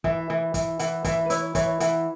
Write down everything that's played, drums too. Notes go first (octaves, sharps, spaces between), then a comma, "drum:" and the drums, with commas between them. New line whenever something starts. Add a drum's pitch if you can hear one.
E3 E5, drum: kick
E3
E3, drum: kick, hi-hat
E3 F#5, drum: hi-hat
E3 E5, drum: kick, hi-hat
B4
E4 C#5, drum: hi-hat
E3 C#5, drum: kick, hi-hat
E3 F#5, drum: hi-hat